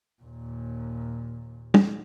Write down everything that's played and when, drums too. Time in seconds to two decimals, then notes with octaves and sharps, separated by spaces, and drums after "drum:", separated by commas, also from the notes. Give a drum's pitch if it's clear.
0.23 D#2 A#2
1.74 drum: tom